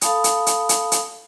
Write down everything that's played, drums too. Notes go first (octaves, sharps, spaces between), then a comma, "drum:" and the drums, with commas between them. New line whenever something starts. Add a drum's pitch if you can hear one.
A4 F5 A5 B5 D#6, drum: hi-hat
drum: hi-hat
drum: hi-hat
drum: hi-hat
drum: hi-hat